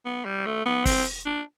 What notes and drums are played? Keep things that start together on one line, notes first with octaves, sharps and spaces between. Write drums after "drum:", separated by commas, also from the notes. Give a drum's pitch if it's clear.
B3
G3
A3
B3
C4, drum: kick, open hi-hat
D4